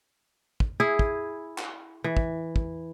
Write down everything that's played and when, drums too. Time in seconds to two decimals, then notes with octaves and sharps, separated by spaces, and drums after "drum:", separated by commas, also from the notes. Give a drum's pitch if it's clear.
0.60 drum: kick
0.80 E4 G#4
0.99 drum: kick
1.58 drum: clap
2.04 E3
2.17 drum: kick
2.56 drum: kick